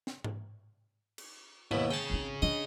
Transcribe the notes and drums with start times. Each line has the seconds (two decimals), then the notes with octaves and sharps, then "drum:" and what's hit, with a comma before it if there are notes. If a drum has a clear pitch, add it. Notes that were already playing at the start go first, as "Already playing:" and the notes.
0.07 drum: snare
0.24 drum: tom G#2
1.18 drum: cymbal
1.71 D#2 B2 E4, drum: tom G#2
1.91 G#4 C#5 G5 A5
2.10 G#1 D#4
2.42 D4 D#5